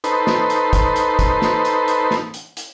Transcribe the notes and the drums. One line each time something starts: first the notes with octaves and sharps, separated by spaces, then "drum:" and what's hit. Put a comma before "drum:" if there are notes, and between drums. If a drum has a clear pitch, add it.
D#4 A4 B4 C5, drum: hi-hat
drum: snare
drum: hi-hat
drum: kick, hi-hat
drum: hi-hat
drum: kick, hi-hat
drum: snare
drum: hi-hat
drum: hi-hat
drum: snare
drum: hi-hat
drum: hi-hat